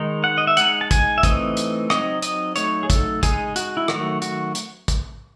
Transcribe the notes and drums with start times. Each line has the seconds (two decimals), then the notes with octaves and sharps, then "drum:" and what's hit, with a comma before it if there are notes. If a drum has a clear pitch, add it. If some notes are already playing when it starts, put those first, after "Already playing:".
Already playing: D#3 G#3 D#4
0.24 F#5
0.38 D#5
0.47 E5
0.57 G#3 D#4 F#5, drum: hi-hat
0.81 A5
0.91 G#5, drum: kick, hi-hat
1.18 E5
1.23 E3 A3 C4 D#4 D#5, drum: kick, hi-hat
1.57 drum: hi-hat
1.90 F#3 C4 D#4 D#5, drum: rim click
2.22 D#5, drum: hi-hat
2.56 F#3 A3 D#4 C#5, drum: hi-hat
2.83 G#4
2.90 A4, drum: kick, hi-hat
3.23 G#3 D#4 G#4, drum: kick, hi-hat
3.56 F#4, drum: hi-hat
3.77 E4
3.88 D#3 F#3 A3 F#4, drum: rim click
4.22 F#4, drum: hi-hat
4.55 drum: hi-hat
4.88 drum: kick, hi-hat